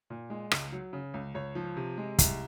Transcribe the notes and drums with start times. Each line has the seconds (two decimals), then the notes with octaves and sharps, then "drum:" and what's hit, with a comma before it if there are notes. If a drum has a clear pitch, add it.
0.10 A#2
0.30 G#3
0.51 C#2, drum: rim click
0.72 F#3
0.93 C#3
1.14 C#2
1.34 C#2 C#5
1.55 F3
1.77 C3
1.98 G#3
2.19 C2, drum: kick, hi-hat